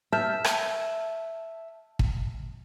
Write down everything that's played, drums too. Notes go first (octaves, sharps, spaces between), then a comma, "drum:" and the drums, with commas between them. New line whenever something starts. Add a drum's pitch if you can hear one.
E5 A5 F6 G6
drum: rim click
drum: kick